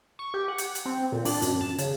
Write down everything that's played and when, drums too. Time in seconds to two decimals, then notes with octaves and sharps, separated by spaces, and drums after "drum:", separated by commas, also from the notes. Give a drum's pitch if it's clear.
0.19 C#6
0.34 G4
0.48 F#5
0.58 drum: hi-hat
0.75 drum: hi-hat
0.85 C4
1.12 A#2
1.25 D4, drum: open hi-hat
1.42 F#2, drum: hi-hat
1.61 A5
1.79 C#3, drum: hi-hat